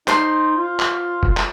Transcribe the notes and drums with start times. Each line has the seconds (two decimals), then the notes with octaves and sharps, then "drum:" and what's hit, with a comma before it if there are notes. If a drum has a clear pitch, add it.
0.08 D#4 C5 C6, drum: clap
0.57 F4
0.80 drum: clap
1.23 drum: kick
1.37 drum: clap